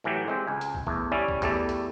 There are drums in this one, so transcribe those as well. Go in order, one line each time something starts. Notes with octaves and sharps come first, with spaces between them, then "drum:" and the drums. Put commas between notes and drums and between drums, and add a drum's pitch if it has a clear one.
A2 E3 F#3 G4
G#3 C4 G4
C#2 G#5
drum: hi-hat
drum: kick
E2 A2 A3, drum: kick
G3 C#4 E4 D5 E5
drum: kick
E2 G3 A3 A4 D5, drum: kick, hi-hat
drum: hi-hat